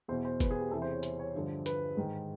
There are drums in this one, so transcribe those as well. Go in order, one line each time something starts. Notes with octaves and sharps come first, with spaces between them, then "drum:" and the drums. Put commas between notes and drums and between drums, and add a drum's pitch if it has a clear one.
E2 B2 C5
C5
B4, drum: kick, hi-hat
G#4
G4
E2 C3 E3 A4
C5
C#5
C5, drum: hi-hat
C#5
G2 D3 F3
B4, drum: hi-hat
G#2 D#3